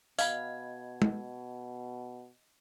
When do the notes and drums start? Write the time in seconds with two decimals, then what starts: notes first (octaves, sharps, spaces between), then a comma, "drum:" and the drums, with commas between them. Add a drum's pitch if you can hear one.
0.19 B2 D#5 F5 B5 G#6, drum: tambourine
1.02 drum: tom